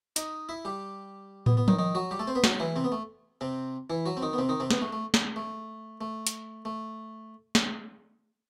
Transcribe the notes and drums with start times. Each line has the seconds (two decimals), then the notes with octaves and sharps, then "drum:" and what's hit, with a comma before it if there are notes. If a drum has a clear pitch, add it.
0.16 D#4 D#5, drum: hi-hat
0.49 E4 E5
0.65 G3 G4
1.46 B3, drum: tom
1.57 B3
1.68 D#3 D#4, drum: tom F3
1.79 D#3 D#4
1.95 F#3 F#4
2.11 G3 G4
2.19 A3 A4
2.27 C4 C5
2.35 B3 B4
2.44 F#3 F#4, drum: snare
2.60 E3 E4
2.76 C3 C4
2.84 B3
2.92 A3
3.41 C3 C4
3.90 E3 E4
4.06 F#3 F#4
4.17 C4
4.22 D#3 D#4
4.33 B3
4.38 C3 C4
4.49 D#3 D#4
4.60 C3 C4
4.71 B3, drum: snare
4.82 A3
4.93 A3
5.14 drum: snare
5.36 A3
6.01 A3
6.27 drum: hi-hat
6.65 A3
7.55 drum: snare